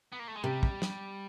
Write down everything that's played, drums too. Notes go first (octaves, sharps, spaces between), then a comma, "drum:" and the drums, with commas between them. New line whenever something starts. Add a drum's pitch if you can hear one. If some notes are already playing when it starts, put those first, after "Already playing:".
B3
A#3
A3
G#3
C3 G3
drum: kick
drum: snare